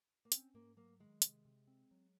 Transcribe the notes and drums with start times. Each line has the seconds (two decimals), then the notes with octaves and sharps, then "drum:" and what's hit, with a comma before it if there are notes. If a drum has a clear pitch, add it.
0.25 A#3
0.32 C4 C#4, drum: hi-hat
0.54 G#2 A#3
0.77 F#3 A#3
1.00 D#3 G#3
1.22 C3, drum: hi-hat
1.45 C3
1.67 C4
1.91 F#3